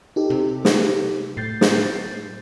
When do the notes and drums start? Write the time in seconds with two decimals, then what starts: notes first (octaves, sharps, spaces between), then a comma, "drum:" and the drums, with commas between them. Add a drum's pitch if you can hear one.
0.16 D#4 G4 A4
0.30 C3
0.65 drum: snare
1.37 A2 G6 A6 C7
1.61 drum: snare